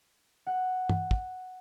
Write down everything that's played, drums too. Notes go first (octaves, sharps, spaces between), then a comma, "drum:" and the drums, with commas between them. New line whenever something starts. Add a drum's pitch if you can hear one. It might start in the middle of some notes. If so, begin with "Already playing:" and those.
F#5
drum: tom
drum: kick